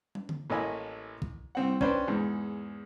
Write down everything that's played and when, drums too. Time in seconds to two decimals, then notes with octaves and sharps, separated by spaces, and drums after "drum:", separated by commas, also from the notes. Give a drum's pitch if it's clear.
0.15 drum: tom
0.29 drum: tom D3
0.50 A1 A3 A#3 E4 D#5 G#5
1.22 drum: kick
1.55 C2 C4 F#5
1.81 C#4 D4 B4 C5 G5, drum: kick
2.08 E2 G#2